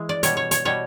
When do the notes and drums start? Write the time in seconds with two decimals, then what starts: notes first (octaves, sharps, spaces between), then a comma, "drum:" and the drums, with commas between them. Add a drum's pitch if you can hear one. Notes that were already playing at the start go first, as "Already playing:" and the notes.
Already playing: E3 G#3
0.09 D5
0.23 B2 G3 C#5, drum: hi-hat
0.37 C#5
0.51 C#5, drum: hi-hat
0.65 B2 G3 C#5